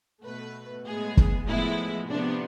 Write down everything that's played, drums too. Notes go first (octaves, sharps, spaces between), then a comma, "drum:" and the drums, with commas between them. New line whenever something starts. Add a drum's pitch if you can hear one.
B2 A3 B4
A2 G#3 B3 G#4
drum: kick
A2 F3 G#3 B3 E4
C3 F3 B3 D4